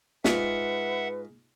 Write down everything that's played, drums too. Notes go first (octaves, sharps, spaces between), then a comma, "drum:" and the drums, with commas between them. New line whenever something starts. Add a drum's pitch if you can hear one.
G#2 F4 B4 E5 F#5, drum: snare